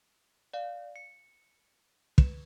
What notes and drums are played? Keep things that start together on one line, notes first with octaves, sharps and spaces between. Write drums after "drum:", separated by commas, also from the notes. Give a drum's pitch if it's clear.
D5 F5
C#7
B4, drum: kick